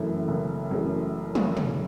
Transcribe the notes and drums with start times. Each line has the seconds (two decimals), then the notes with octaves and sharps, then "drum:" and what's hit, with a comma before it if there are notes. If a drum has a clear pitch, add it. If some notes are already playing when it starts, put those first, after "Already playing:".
Already playing: F#1 F#2 E3 A3
0.28 F#1
0.71 F#2 E3 A3
1.35 drum: tom
1.57 drum: tom